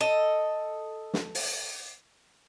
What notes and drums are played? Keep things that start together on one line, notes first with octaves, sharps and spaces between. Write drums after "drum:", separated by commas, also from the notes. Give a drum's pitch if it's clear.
A4 D#5
drum: snare
drum: open hi-hat